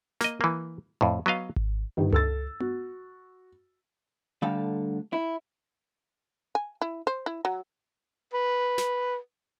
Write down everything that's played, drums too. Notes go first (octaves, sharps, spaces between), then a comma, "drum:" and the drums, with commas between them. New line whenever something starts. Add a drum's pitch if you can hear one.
A#3 D#5, drum: snare
E3 A#3
F2 A2
F#3 B3 D#5 F5
drum: kick G#1
G1 D#3 G4
A4 E6 A6, drum: tom C#2
F#4, drum: tom B3
D2 D3 G3 A4 F5
E4
G#5
E4
C5
E4
F#3
B4
drum: snare